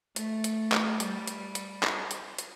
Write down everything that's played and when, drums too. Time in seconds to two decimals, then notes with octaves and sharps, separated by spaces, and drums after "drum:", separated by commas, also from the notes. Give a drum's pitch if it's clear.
0.16 A3, drum: hi-hat
0.44 drum: hi-hat
0.72 drum: clap
1.00 G3, drum: hi-hat
1.27 drum: hi-hat
1.55 drum: hi-hat
1.83 drum: clap
2.11 drum: hi-hat
2.38 drum: hi-hat